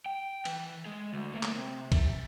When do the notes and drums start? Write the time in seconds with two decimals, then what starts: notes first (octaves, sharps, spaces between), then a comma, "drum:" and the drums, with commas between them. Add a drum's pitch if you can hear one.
0.06 G5
0.45 E3, drum: cymbal
0.86 G#3
1.13 D2
1.33 A3 A#3
1.43 drum: clap
1.56 C3
1.92 drum: kick, cymbal